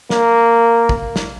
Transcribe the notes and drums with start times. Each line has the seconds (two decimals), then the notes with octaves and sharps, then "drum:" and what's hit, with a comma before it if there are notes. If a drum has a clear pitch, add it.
0.10 A#3, drum: snare
0.89 drum: kick
1.16 drum: snare